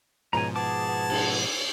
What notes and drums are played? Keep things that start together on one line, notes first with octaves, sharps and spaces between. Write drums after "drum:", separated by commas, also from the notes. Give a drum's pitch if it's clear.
C#2 G#2 B2 F3 G#5 A#5
B3 G#4 A5 D6
B3
drum: cymbal